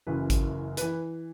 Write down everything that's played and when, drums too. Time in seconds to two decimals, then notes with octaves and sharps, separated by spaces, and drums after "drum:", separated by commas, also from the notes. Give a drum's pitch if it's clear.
0.07 F#1 F#2 E3 B4
0.30 drum: kick A1, hi-hat
0.77 E3 B4, drum: hi-hat